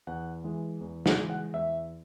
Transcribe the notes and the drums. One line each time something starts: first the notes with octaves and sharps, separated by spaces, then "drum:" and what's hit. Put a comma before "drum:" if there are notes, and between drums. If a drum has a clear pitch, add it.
E2 F#5
E3 G#3
E2
F#5, drum: snare
E3 G#3
F#5
E2 E5